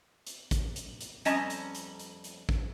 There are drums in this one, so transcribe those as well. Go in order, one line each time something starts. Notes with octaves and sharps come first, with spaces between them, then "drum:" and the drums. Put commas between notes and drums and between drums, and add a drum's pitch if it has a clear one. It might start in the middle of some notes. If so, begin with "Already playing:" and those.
drum: hi-hat
drum: kick A1, hi-hat
drum: hi-hat
drum: hi-hat
F2 G3 C#4 D#5 A5 A#5, drum: hi-hat
drum: hi-hat
drum: hi-hat
drum: hi-hat
drum: hi-hat
drum: kick A1